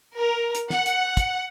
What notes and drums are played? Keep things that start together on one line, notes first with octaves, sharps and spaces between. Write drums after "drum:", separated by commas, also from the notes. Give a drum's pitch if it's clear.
A#4
drum: hi-hat
F#5, drum: snare
drum: hi-hat
drum: kick, hi-hat